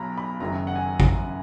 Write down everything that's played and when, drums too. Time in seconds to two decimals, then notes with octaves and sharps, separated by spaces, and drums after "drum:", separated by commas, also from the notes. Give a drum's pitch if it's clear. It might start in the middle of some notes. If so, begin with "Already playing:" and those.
Already playing: B1 B2 F#3 A#5 B5
0.18 B5
0.40 F#1 F#2 D#3 F#3 A#5
0.67 F#5
0.75 G#5
1.00 drum: kick